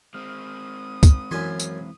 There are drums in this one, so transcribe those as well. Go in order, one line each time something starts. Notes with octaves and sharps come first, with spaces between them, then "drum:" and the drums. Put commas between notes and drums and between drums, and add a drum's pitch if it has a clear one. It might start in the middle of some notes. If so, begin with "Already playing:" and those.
G#3 C4 D#6 F6
drum: kick, tambourine
F#2 E3 G#5 C6
drum: tambourine